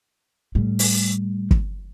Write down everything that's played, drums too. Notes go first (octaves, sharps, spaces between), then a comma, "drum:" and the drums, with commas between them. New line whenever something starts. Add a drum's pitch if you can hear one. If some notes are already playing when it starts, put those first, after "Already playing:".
A2 G3
drum: open hi-hat
drum: kick